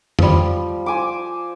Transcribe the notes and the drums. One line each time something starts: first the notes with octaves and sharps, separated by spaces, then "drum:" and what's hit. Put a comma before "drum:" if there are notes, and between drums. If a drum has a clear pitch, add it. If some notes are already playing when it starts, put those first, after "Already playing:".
F3 G3, drum: tom F2
C5 G#5 D6